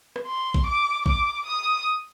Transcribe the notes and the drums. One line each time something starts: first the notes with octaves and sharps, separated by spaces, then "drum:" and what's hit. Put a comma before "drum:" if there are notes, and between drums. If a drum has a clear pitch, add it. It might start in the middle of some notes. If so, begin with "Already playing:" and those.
drum: rim click
C6
drum: kick A#1
D6
D6, drum: kick A#1
D#6